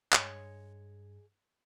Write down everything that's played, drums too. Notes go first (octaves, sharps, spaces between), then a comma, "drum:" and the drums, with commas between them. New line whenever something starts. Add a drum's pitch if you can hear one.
G2 G#3 C#5, drum: clap